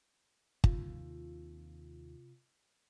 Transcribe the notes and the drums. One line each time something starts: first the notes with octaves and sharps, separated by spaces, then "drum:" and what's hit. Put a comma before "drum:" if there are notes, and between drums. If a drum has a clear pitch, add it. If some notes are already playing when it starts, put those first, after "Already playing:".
D#2 C3 F4, drum: kick